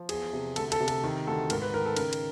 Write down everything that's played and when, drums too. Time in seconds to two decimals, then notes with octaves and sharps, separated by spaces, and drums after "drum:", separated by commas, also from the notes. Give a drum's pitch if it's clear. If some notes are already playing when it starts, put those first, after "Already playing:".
Already playing: F3
0.09 E2 G#4, drum: cymbal
0.33 C3
0.56 D2 A4, drum: cymbal
0.72 A4, drum: cymbal
0.81 C3
0.88 A4, drum: cymbal
1.04 D#3
1.27 D2 A4
1.50 G#2 A#4, drum: cymbal
1.62 B4
1.74 D#3 A#4
1.86 A4
1.96 C#3 A#4, drum: cymbal
2.13 drum: cymbal